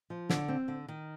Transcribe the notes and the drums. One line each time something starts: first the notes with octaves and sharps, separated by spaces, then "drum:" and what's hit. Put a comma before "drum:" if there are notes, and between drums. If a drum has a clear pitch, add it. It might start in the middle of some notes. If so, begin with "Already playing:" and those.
F3
D3, drum: snare
C4
D3
D#3